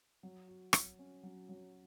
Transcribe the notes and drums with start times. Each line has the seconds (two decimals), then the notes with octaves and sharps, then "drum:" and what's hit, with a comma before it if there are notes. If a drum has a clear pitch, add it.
0.23 F#3
0.48 F#4
0.73 F#3, drum: rim click
0.99 C#4
1.23 F#3
1.49 F#3